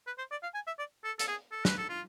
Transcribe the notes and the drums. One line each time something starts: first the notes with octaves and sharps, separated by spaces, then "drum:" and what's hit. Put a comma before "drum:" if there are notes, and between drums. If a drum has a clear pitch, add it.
B4
C5
D5
F5
G#5
E5
D5
A4
A4, drum: hi-hat
G#4
A4
B4, drum: snare
A4
F4